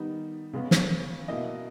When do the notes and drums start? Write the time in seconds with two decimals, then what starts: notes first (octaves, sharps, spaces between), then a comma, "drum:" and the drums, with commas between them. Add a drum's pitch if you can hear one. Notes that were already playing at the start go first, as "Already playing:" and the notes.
Already playing: D#3 G3 B3 D#4
0.53 C#3 G#3 B3
0.71 drum: snare
1.28 B2 A#3 E4 D#5